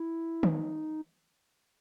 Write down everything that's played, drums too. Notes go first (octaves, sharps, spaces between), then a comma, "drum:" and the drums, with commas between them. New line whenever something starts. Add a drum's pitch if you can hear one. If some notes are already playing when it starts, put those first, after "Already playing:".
Already playing: E4
D#4, drum: tom D#3